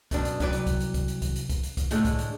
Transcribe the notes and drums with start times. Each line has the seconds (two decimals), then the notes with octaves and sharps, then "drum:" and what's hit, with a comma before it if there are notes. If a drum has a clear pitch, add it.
0.11 F#2 B2 D4, drum: kick, hi-hat
0.25 drum: hi-hat
0.40 C2 F#3 B4 D5, drum: kick, hi-hat
0.53 drum: hi-hat
0.67 drum: kick, hi-hat
0.80 drum: hi-hat
0.94 drum: kick, hi-hat
1.08 drum: hi-hat
1.22 drum: kick, hi-hat
1.36 drum: hi-hat
1.50 drum: kick, hi-hat
1.63 drum: hi-hat
1.77 drum: kick, hi-hat
1.91 A2 D3 G#3 A3, drum: hi-hat
2.05 drum: kick, hi-hat
2.19 drum: hi-hat